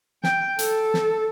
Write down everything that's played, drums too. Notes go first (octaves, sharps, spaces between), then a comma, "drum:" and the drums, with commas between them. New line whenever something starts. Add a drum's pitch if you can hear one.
G5, drum: snare
A4, drum: hi-hat
drum: snare